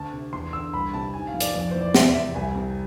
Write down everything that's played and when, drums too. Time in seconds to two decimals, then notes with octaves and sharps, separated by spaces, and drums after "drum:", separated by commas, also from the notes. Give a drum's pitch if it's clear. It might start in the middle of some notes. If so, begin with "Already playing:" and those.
Already playing: D2 A5
0.12 C3
0.33 E2 C6
0.53 D3 E6
0.73 C2 B5
0.93 C3 A5
1.14 G#2 G#5
1.27 F5
1.34 F3
1.40 D5, drum: hi-hat
1.54 F2 D5
1.71 E3 C5
1.81 D5
1.94 E2 E5, drum: snare
2.08 D5
2.15 C3 E5
2.35 C2 G#5
2.55 C3